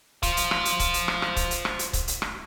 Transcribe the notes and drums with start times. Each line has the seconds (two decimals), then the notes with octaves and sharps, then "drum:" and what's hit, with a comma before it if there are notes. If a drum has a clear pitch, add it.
0.23 C5 F5, drum: kick C#1, hi-hat
0.37 drum: hi-hat
0.51 drum: rim click
0.65 drum: hi-hat
0.80 drum: kick C#1, hi-hat
0.94 drum: hi-hat
1.08 drum: rim click
1.22 drum: rim click
1.36 drum: kick C#1, hi-hat
1.51 drum: hi-hat
1.65 drum: rim click
1.79 drum: hi-hat
1.93 drum: kick C#1, hi-hat
2.08 drum: hi-hat
2.22 drum: rim click